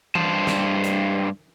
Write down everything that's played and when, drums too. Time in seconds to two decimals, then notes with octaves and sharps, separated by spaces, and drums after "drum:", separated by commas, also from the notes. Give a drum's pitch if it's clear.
0.15 G2 C5 A5, drum: tom E3
0.47 drum: snare
0.84 drum: hi-hat